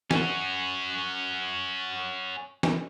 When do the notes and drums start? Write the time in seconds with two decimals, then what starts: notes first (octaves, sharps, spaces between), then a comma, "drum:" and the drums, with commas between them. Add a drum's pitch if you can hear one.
0.11 C#4 F#4, drum: snare
2.63 drum: snare